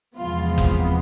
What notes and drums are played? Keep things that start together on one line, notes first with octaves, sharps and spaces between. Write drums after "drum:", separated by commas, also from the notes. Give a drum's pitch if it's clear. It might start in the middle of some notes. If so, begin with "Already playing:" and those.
E2 C3 F3 G#3 B3 F4
F4
drum: kick F#1